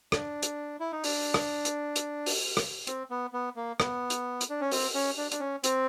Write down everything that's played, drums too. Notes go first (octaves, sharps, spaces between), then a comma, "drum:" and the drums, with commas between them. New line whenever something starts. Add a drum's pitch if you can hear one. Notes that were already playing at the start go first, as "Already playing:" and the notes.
D4, drum: rim click
drum: hi-hat
E4
D#4
D4, drum: open hi-hat
drum: rim click
drum: hi-hat
drum: hi-hat
drum: open hi-hat
drum: rim click
C4, drum: hi-hat
B3
B3
A#3
B3, drum: rim click
drum: hi-hat
drum: hi-hat
D4
C#4
C4, drum: open hi-hat
C#4
D4
D4, drum: hi-hat
C#4
C4, drum: hi-hat